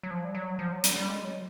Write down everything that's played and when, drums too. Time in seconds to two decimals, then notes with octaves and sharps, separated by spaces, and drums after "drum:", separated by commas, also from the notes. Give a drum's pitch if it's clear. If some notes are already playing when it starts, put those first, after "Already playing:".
0.03 F#3
0.10 F3
0.25 G3
0.35 F#3
0.59 F3
0.72 F#3
0.84 G3, drum: hi-hat
0.96 G3
1.08 G#3
1.25 F#3